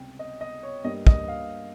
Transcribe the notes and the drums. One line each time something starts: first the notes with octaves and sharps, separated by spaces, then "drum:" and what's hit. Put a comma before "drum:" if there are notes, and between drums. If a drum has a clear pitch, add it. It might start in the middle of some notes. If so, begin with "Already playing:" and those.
Already playing: C#2 C3 G3 C4 G5
D#5
D#5
C#5
G2 G3 A#3 D#5
D#5, drum: kick
F5